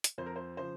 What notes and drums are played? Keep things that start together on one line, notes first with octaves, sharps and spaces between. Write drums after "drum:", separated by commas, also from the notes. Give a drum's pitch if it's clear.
drum: hi-hat
F2 C5
A#4
C5
C#3 F3 C5